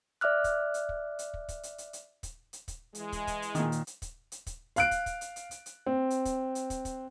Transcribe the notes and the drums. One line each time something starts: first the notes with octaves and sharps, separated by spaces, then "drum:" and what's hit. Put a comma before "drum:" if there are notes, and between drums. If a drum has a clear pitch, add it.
D5 E5 D6 F6 F#6
drum: kick, hi-hat
drum: hi-hat
drum: kick
drum: hi-hat
drum: kick
drum: kick, hi-hat
drum: hi-hat
drum: hi-hat
drum: hi-hat
drum: kick, hi-hat
drum: hi-hat
drum: kick, hi-hat
E3 G#3, drum: hi-hat
drum: kick, hi-hat
drum: kick, hi-hat
drum: hi-hat
A#2 D#3, drum: hi-hat
drum: hi-hat
drum: hi-hat
drum: kick, hi-hat
drum: hi-hat
drum: kick, hi-hat
F5 F#6 D7, drum: hi-hat
drum: kick, hi-hat
drum: kick, hi-hat
drum: hi-hat
drum: hi-hat
drum: hi-hat
drum: hi-hat
C4
drum: hi-hat
drum: kick, hi-hat
drum: hi-hat
drum: kick, hi-hat
drum: kick, hi-hat